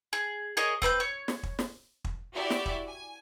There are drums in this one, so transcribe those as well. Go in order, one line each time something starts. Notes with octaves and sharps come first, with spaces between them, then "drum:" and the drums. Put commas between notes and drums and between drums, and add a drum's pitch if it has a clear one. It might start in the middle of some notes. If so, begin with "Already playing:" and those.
G#4
G#4 A#4 C#5 D#5
C4 B4 A#5 G6, drum: kick
C#5
drum: snare
drum: kick
drum: snare
drum: kick
E4 F#4 G4 D5 E5
drum: snare
drum: kick
G#5